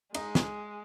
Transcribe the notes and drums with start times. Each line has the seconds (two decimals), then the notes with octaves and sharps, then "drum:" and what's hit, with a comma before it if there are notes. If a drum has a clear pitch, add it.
0.14 G#3 D#4, drum: cymbal
0.35 drum: snare